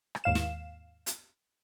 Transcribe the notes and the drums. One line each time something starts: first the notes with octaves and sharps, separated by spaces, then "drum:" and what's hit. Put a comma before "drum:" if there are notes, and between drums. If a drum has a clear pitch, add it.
drum: rim click
D#2 G#2 F5 E7
drum: snare
drum: hi-hat